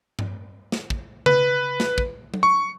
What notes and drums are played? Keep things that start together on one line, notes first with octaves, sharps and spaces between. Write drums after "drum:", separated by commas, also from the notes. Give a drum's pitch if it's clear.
drum: tom G2
drum: snare
drum: kick
B4, drum: tom C#3
drum: snare
drum: kick
drum: tom F#3
C#6